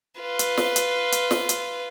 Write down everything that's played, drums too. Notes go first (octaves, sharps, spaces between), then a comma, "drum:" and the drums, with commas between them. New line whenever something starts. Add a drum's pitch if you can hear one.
F4 B4
drum: hi-hat
drum: snare
drum: hi-hat
drum: hi-hat
drum: snare
drum: hi-hat